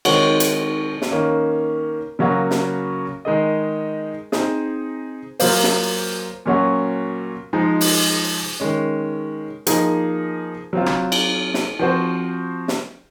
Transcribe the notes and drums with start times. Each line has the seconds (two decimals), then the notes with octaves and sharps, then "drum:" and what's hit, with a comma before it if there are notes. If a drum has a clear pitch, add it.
0.05 D#3 G#3 C4 F#4 C#5, drum: cymbal
0.40 drum: hi-hat
1.02 drum: snare
1.11 D#3 A#3 C#4
2.19 C#3 F#3 A#3 C#4 F#4
2.51 drum: snare
3.25 D#3 G#3 D#4 G#4 D#5
4.32 C4 D#4 G#4, drum: snare
5.40 F#3 A#3 F4 C5, drum: open hi-hat
5.64 drum: snare
6.46 A#2 F#3 C#4 F#4
7.53 F3 G#3 D#4
7.81 drum: open hi-hat
8.60 D#3 G#3 C#4
9.67 F3 A#3 D#4 G#4, drum: hi-hat
10.73 F#3 C4 F4
10.86 drum: rim click
11.12 drum: cymbal
11.54 drum: snare
11.79 F3 C4 F#4 C5
12.68 drum: snare